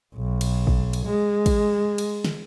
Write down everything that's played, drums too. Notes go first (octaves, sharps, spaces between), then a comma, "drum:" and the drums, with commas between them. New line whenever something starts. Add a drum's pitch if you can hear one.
B1
drum: cymbal
drum: kick
drum: cymbal
G#3
drum: kick, cymbal
drum: cymbal
drum: snare